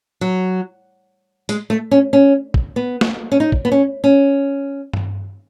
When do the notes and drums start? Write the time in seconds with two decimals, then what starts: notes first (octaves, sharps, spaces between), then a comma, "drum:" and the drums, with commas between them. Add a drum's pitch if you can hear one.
0.21 F#3
1.49 G#3, drum: hi-hat
1.70 A3
1.91 C#4
2.13 C#4
2.54 drum: kick
2.76 B3
3.01 drum: snare
3.32 C#4
3.40 D#4
3.52 drum: kick
3.65 B3
3.72 C#4
4.04 C#4
4.93 drum: tom G2